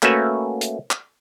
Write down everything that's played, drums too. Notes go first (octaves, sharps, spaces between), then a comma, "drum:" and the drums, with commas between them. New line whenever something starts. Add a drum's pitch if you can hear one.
A3 A#3 C#4 F#4 B4 E5, drum: clap
drum: hi-hat
drum: clap